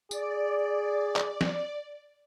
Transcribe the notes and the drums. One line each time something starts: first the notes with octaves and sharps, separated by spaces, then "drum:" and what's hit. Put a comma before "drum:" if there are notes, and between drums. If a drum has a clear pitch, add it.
G#4 D5, drum: tambourine
drum: clap
drum: snare